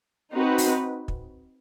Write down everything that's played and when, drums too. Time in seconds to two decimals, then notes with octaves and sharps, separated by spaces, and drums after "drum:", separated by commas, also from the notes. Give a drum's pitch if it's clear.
0.32 C4 D#4 F#4 B4
0.58 drum: open hi-hat
1.08 drum: kick